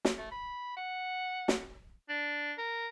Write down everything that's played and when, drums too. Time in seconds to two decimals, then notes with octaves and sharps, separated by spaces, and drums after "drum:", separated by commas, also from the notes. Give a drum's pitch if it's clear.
0.05 drum: snare
0.17 A3
0.31 B5
0.76 F#5
1.48 drum: snare
2.09 D4
2.58 A#4